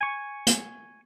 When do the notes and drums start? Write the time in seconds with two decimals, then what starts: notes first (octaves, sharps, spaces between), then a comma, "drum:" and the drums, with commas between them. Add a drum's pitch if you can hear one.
0.01 G#5 C#6
0.47 drum: hi-hat